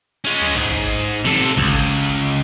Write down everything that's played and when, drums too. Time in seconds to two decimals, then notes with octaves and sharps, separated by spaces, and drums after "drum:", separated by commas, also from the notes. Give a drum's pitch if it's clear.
0.25 G#3 C#4
0.41 drum: tom
0.56 G#2
0.70 drum: kick
1.25 C3 A4, drum: tom D#3
1.57 C#2, drum: kick